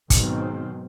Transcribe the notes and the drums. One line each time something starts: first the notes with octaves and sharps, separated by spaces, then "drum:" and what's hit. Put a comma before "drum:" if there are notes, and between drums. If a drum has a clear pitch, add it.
G#2 B2 D#3 F#3 C4, drum: kick, hi-hat